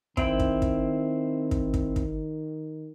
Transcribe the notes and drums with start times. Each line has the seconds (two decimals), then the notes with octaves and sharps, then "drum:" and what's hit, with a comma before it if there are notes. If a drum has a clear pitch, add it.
0.17 D#3 C4 E4 G5, drum: kick
0.40 drum: kick
0.62 drum: kick
1.51 drum: kick
1.74 drum: kick
1.96 drum: kick